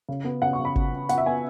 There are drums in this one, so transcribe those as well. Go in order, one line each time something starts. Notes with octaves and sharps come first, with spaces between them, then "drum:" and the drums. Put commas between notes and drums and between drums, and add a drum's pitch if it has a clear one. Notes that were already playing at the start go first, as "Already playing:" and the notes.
C#3
B3
C#3 F#5
C#6
C#3
B5
C#3, drum: kick G1
C#3
B3 F#5, drum: hi-hat
E5
B3 G#5